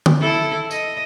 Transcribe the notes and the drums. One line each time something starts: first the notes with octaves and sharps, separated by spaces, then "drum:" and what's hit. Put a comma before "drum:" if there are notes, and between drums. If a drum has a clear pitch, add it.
drum: tom D3
E4 A4
D#5, drum: tambourine